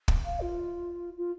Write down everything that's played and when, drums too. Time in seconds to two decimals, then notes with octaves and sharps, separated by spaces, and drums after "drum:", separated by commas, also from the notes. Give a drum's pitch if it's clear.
0.08 drum: kick
0.24 F5
0.40 F4
1.17 F4